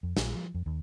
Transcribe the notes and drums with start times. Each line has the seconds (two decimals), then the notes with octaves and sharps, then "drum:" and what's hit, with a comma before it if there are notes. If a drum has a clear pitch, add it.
0.03 F2
0.17 A#1, drum: snare
0.35 F3
0.54 F2
0.66 D#2